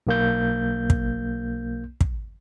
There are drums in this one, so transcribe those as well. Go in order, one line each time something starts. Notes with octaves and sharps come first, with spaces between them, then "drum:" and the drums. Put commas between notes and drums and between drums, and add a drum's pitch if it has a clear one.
B1 A#3 G6
drum: kick
drum: kick